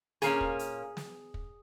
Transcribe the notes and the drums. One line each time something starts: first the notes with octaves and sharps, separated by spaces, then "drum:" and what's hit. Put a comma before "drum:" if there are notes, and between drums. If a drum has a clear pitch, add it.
A#2 A#3 C#4 G#4, drum: hi-hat
drum: kick
drum: hi-hat
drum: snare
drum: kick